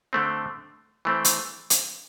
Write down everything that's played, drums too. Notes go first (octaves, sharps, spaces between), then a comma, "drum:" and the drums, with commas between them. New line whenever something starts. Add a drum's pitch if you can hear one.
D3 A3 C4
E3 A3 C4
drum: hi-hat
drum: hi-hat